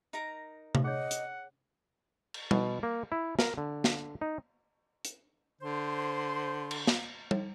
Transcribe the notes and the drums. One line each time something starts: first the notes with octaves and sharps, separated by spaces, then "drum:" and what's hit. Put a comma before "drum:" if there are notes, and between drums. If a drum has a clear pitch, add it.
D#4 A#4 A#5
drum: tom C3
G#4 C#5 D#5 F#5
drum: hi-hat
drum: cymbal
B2, drum: tom G3
A#3
E4
A#4, drum: snare
D3
drum: snare
D#4
drum: hi-hat
D3 C5 C6
drum: cymbal
drum: snare
drum: tom G3